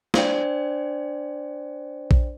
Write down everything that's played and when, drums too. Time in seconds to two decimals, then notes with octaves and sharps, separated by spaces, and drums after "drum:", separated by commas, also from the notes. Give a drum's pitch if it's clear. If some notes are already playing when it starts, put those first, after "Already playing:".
0.14 D4 C5 D5 G5, drum: snare
2.11 drum: kick A#1